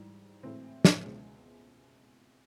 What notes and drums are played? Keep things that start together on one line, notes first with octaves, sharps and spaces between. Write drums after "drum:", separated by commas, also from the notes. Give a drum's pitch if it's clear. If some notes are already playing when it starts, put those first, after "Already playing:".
Already playing: G#2 E3 G3
A2 E3 G#3 C4
drum: snare
C#2 B2 G#3